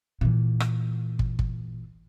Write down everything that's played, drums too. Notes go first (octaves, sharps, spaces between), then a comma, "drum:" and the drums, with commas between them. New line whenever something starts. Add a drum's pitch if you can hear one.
A#2 E3
drum: rim click
drum: kick
drum: kick